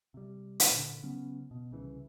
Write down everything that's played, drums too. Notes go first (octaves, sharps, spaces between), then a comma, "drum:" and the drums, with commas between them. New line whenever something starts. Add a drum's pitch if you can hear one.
C3 G3
drum: hi-hat
A#2 D3
C#3 F#3 B3 C#4
B2
C2 C#3 E3